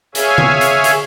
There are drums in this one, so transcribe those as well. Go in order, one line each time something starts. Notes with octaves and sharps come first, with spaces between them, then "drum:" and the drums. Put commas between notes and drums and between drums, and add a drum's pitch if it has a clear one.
G#4 C#5 E5 F5 G#5, drum: hi-hat
drum: tom D3
drum: hi-hat
drum: hi-hat